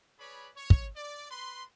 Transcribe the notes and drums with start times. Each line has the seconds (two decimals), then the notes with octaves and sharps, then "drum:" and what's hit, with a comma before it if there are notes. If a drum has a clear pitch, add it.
0.20 G#4 B4 C#5 D5 B5
0.56 C#5
0.70 drum: kick
0.96 D5
1.31 B4 B5 C6